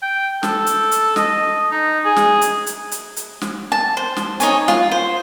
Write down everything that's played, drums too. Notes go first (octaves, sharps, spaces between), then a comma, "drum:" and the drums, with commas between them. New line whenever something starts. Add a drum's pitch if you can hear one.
G5
A4, drum: snare
drum: hi-hat
drum: hi-hat
D#5, drum: snare
D#4
G#4
drum: snare
drum: hi-hat
drum: hi-hat
drum: hi-hat
drum: hi-hat
drum: snare
A5
C5
drum: snare
D#4 C#5 G#5, drum: hi-hat
F4, drum: snare
C5